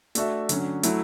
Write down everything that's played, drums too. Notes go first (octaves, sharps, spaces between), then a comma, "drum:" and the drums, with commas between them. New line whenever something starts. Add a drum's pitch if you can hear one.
A3 D4 F#4 A4 E5, drum: hi-hat
D3 F#3 C#4, drum: hi-hat
F#3 A3 E4, drum: hi-hat